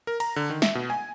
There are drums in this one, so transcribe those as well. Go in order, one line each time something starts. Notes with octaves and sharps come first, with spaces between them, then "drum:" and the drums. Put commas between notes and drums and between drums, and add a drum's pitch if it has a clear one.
A#4
A#5, drum: cymbal
D3
D#3
E5, drum: snare
B2
G#5